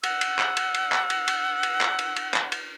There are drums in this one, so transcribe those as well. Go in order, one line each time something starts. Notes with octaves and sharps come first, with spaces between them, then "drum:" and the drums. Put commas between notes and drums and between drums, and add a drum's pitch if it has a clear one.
F#5 E6, drum: cymbal
drum: cymbal
drum: clap
drum: cymbal
drum: cymbal
drum: clap
drum: cymbal
drum: cymbal
drum: cymbal
drum: clap
drum: cymbal
drum: cymbal
drum: clap
drum: cymbal